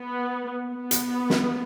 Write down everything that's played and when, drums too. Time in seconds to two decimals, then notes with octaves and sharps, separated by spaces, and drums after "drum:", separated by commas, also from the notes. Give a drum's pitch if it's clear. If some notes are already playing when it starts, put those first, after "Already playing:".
Already playing: B3
0.71 B3
0.91 drum: hi-hat
1.30 drum: snare